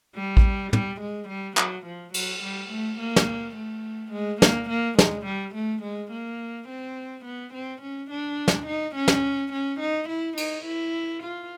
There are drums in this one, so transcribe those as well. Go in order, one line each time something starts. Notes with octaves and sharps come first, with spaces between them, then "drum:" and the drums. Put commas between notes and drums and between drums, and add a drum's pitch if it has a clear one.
G3
drum: kick A1
G3, drum: tom
G#3
G3
F#3, drum: clap
F3
F#3, drum: cymbal
G3
A3
A#3
drum: snare
A3
G#3
A#3, drum: snare
A#3
G#3, drum: snare
G3
A3
G#3
A#3
C4
B3
C4
C#4
D4
drum: snare
D#4
C#4
drum: snare
C#4
D#4
E4
D#4, drum: cymbal
E4
F4